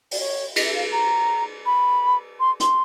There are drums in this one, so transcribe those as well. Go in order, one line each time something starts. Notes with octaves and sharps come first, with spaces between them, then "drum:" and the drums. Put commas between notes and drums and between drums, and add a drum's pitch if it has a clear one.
D5, drum: open hi-hat
C#5
D#5, drum: cymbal
E5
F5
A#5
B5
C6
C6, drum: hi-hat